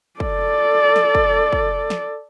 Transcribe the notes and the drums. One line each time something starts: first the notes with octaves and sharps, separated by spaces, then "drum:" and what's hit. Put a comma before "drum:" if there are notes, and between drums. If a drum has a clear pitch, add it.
A4 D5, drum: kick
drum: snare
drum: kick
drum: kick
drum: snare